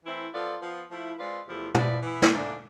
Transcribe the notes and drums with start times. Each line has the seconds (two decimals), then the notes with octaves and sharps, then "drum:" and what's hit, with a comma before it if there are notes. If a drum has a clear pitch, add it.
0.04 E3 A3 C4 E4
0.33 F3 B3 F4 A4 D5
0.60 F3 B3 F4
0.90 F3 A3 E4
1.18 G#3 C4 F4 B4 D5
1.47 E2 C3 F3 A3 E4
1.74 F3 B3 E4 B4 D5, drum: tom
2.03 E3 B3 E4
2.22 drum: snare
2.31 G#2 F3 A3 D4